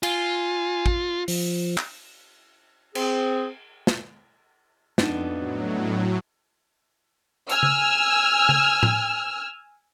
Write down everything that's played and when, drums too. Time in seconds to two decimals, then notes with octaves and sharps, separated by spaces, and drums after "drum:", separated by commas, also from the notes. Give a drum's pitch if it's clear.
0.03 F4 G#5, drum: cymbal
0.86 drum: kick
1.28 F3, drum: open hi-hat
1.77 drum: clap
2.95 C4 G#4, drum: cymbal
3.87 drum: snare
4.98 F2 B3 D4 D#4, drum: snare
5.32 A2 F#3
7.50 G#5 E6 F6, drum: hi-hat
7.63 drum: tom C#3
8.49 drum: tom C#3
8.83 drum: tom A2